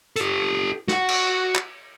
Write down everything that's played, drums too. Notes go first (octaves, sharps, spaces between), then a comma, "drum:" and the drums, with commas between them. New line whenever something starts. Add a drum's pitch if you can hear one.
G4 A4, drum: hi-hat
F#4 F#5, drum: snare
drum: cymbal
drum: clap